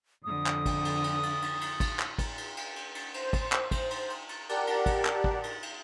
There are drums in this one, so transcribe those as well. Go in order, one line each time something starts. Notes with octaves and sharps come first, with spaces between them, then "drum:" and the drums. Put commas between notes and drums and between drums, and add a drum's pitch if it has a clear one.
F2 D3 D#6
drum: clap
drum: kick, cymbal
drum: cymbal
drum: cymbal
drum: cymbal
drum: cymbal
drum: cymbal
drum: kick, cymbal
drum: clap
drum: kick, cymbal
drum: cymbal
drum: cymbal
drum: cymbal
drum: cymbal
C5, drum: cymbal
drum: kick, cymbal
drum: clap
drum: kick, cymbal
drum: cymbal
drum: cymbal
drum: cymbal
G4 A#4 D5 F#5 A5, drum: cymbal
drum: cymbal
drum: kick, cymbal
drum: clap
drum: kick
drum: cymbal
drum: cymbal